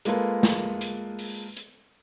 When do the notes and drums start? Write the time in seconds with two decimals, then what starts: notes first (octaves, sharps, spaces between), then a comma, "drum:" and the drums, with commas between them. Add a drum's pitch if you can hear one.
0.05 G#3 A#3 F4 A4 B4, drum: hi-hat
0.43 drum: snare
0.81 drum: hi-hat
1.19 drum: open hi-hat
1.57 drum: hi-hat